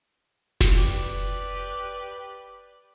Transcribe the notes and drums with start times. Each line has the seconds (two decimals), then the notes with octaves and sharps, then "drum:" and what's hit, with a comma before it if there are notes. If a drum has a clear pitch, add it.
0.61 drum: snare F1
0.78 G4 B4 D5